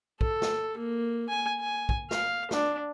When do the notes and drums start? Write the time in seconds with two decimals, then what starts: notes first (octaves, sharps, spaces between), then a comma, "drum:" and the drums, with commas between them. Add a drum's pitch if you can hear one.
0.21 A4, drum: kick
0.42 drum: snare
0.78 A#3
1.29 G#5
1.60 G#5
1.89 drum: kick
2.11 F5, drum: snare
2.51 D4, drum: snare